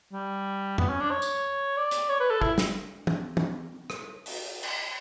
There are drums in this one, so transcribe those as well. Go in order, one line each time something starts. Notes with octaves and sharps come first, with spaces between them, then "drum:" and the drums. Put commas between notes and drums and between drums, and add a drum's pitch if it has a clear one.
G3
B3, drum: tom F2
C#4
D4
C#5
drum: tambourine
D5
drum: hi-hat
C#5
B4
A4
E4, drum: kick
drum: snare
drum: tom
drum: tom
drum: rim click
drum: open hi-hat
drum: cymbal